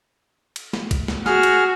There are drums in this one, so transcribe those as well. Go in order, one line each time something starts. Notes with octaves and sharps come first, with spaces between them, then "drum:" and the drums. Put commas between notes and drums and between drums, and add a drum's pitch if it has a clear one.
drum: cymbal
drum: snare
drum: kick A#1, cymbal
drum: snare
F#4 G#4 F6, drum: snare
drum: cymbal